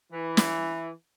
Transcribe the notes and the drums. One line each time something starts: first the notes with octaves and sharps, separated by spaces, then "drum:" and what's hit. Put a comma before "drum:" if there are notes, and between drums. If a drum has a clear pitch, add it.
E3
drum: snare